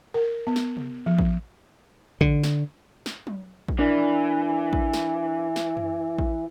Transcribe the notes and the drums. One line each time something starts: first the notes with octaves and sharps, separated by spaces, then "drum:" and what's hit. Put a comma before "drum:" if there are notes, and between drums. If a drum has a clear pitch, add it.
A#4
B3
drum: snare
drum: tom C3
F3
drum: kick A1
D3, drum: kick A1
drum: snare
drum: snare
drum: tom F#3
drum: kick A1
E3 D4 A#4 D5
drum: kick A1
drum: snare
drum: snare
drum: tom F#2
drum: kick A1